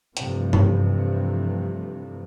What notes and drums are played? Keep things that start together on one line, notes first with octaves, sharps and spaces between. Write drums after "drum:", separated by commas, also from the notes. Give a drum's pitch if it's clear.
G2 C3 E3 F3 A3, drum: hi-hat
drum: tom G2